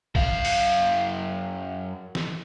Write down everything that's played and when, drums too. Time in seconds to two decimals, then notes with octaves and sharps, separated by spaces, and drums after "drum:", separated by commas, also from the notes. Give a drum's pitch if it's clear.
0.15 F#2 F5, drum: kick
0.45 drum: open hi-hat
2.15 drum: snare